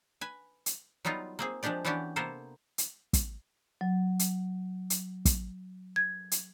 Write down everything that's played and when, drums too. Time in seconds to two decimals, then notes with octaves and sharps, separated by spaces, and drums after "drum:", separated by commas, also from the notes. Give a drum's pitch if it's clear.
0.21 B4 G#5
0.66 drum: hi-hat
1.05 F#3 G3 B3 D#4 F4
1.39 A#3 C4 G#4
1.63 F3 G#3 D4 G4 D5
1.85 E3 B3 C#4 D4 F#4 G4
2.16 C3 A#3 B3 A4 A#4 C5
2.78 drum: hi-hat
3.13 drum: kick, hi-hat
3.81 F#3
4.19 drum: hi-hat
4.90 drum: hi-hat
5.25 drum: kick, hi-hat
5.96 G#6
6.31 drum: hi-hat